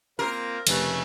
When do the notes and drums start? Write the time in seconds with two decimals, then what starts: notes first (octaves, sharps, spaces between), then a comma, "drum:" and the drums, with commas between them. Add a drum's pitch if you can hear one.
0.19 A#3 C4 F4 A#4
0.67 F1 C#3 A3 B4 F#6, drum: cymbal